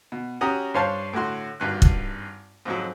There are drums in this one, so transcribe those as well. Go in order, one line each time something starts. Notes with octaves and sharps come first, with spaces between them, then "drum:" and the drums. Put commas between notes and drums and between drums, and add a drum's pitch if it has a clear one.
B2
C#4 F#4 G4 A#5 D#6
G2 C5 C#5 F5 A5 C6
A2 D3 F#4 C6
G#1 G2 F#6
drum: kick
F2 G#2 F#3